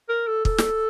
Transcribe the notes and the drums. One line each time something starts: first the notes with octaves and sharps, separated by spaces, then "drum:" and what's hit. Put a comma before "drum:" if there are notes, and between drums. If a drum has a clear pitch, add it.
A#4
A4
A4, drum: kick
drum: snare